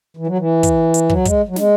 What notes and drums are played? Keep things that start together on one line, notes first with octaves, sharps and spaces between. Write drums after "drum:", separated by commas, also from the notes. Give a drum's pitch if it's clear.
E3
F#3
E3
drum: kick, hi-hat
drum: hi-hat
F#3, drum: kick
G#3, drum: kick, hi-hat
F#3
G#3, drum: snare